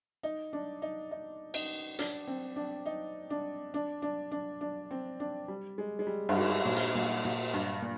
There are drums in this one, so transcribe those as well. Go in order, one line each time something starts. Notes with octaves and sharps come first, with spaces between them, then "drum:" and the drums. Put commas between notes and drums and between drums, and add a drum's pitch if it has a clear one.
D#4
D4
D#4
D#4
D#4, drum: cymbal
D4, drum: hi-hat
C4
D4
D#4
D4
D4
D4
D4
D4
C4
D4
G3
G#3
G#3
G3
G2, drum: cymbal
G#2
A#2
drum: hi-hat
A#2
A#2
G2
A#2